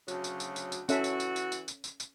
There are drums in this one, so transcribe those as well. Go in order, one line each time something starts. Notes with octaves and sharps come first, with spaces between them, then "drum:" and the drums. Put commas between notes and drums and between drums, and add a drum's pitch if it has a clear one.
D2 C#3 F#3, drum: tambourine
drum: tambourine
drum: tambourine
drum: tambourine
drum: tambourine
E3 C#4 F#4 A4 E5, drum: tambourine
drum: tambourine
drum: tambourine
drum: tambourine
drum: tambourine
drum: tambourine
drum: tambourine
drum: tambourine